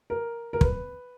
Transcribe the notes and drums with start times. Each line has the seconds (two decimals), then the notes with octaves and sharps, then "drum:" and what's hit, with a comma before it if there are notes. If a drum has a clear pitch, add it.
0.10 A#4
0.53 A#4
0.61 B4, drum: kick